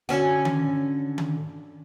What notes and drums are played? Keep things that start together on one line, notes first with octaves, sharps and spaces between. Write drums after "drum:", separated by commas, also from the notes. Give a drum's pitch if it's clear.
D3 C#4 F#4
drum: tom D#3
drum: tom D#3